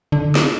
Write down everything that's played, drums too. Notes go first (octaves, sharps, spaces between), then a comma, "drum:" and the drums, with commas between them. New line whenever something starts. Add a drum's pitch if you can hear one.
D3
drum: snare